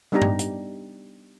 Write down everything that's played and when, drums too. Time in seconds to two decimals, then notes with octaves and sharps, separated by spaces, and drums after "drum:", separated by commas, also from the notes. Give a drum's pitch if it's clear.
0.12 G3 B3 D4 D#4 G4 A#5
0.22 drum: tom G2
0.39 drum: hi-hat